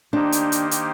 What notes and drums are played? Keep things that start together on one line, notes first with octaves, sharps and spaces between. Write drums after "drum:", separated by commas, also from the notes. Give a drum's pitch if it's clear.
D#3 A#3 D4 D#4 G4 C5
drum: hi-hat
drum: hi-hat
drum: hi-hat